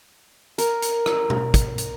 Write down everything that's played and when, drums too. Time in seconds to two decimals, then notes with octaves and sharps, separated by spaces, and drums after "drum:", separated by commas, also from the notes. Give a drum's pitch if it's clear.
0.58 A#4, drum: hi-hat
0.82 drum: hi-hat
1.06 drum: rim click
1.30 drum: tom B2
1.54 drum: kick, hi-hat
1.78 drum: hi-hat